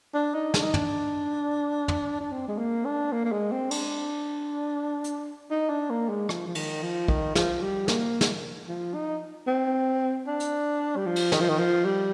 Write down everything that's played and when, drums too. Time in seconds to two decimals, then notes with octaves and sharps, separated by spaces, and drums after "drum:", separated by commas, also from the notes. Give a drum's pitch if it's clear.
0.14 D4
0.34 D#4
0.54 D4, drum: snare
0.63 D#4
0.74 D4, drum: tom
1.88 drum: tom
2.20 D4
2.32 C4
2.48 G#3
2.58 A#3
2.85 D4
3.12 A#3
3.24 A#3
3.32 G#3
3.52 C4
3.71 D4, drum: cymbal
5.04 drum: hi-hat
5.50 D#4
5.69 D4
5.90 A#3
6.09 G#3
6.29 F3, drum: rim click
6.47 F3
6.55 D#3, drum: cymbal
6.82 F3
7.08 D#3, drum: kick
7.35 F3, drum: snare
7.62 G3
7.88 A#3, drum: snare
8.21 drum: snare
8.67 F3
8.94 D#4
9.47 C4
10.27 D4
10.40 drum: hi-hat
10.96 G3
11.06 F3
11.16 drum: cymbal
11.32 D#3, drum: snare
11.41 F3
11.49 D#3
11.58 F3
11.84 G3